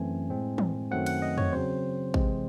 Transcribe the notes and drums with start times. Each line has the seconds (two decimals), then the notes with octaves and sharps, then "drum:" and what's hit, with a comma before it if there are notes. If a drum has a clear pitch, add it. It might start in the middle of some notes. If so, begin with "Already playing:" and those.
Already playing: F#2 E3 A3 C4 G#5
0.30 A2 G#3 C4
0.58 drum: tom
0.91 F#2 D#3 F#3 A3 C4 F#5
1.06 F#5, drum: cymbal
1.22 D#5
1.38 C#5, drum: tom
1.52 C#3 F#3 C4 C5
2.14 C3 E3 G#3 C4, drum: kick A1